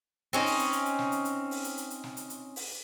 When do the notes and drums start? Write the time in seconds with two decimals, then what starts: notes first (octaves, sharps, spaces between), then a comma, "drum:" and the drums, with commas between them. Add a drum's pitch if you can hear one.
0.33 C4 C#4 D#4
0.46 drum: open hi-hat
0.59 drum: hi-hat
0.72 drum: hi-hat
0.86 drum: hi-hat
0.99 drum: snare
1.12 drum: hi-hat
1.25 drum: hi-hat
1.51 drum: open hi-hat
1.64 drum: hi-hat
1.77 drum: hi-hat
1.90 drum: hi-hat
2.04 drum: snare
2.17 drum: hi-hat
2.30 drum: hi-hat
2.56 drum: open hi-hat